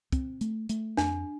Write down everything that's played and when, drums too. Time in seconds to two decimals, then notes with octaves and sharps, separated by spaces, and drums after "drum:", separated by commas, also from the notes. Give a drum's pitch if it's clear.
0.12 C4, drum: kick, hi-hat
0.41 A3, drum: hi-hat
0.69 A3, drum: hi-hat
0.97 F2 D4, drum: snare